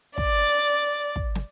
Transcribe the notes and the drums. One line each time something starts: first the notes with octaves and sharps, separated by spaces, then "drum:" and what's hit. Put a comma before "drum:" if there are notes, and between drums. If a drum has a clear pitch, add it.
D5, drum: kick
drum: kick
drum: snare